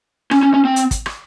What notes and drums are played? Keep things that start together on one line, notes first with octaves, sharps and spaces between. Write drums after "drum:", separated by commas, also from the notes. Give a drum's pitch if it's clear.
C#4, drum: rim click
C#4
C#4
C4
drum: hi-hat
drum: kick, hi-hat
drum: rim click